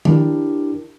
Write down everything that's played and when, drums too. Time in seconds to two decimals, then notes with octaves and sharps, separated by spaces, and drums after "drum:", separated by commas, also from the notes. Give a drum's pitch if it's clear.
0.05 D4 E4 G4 A#4, drum: tom D#3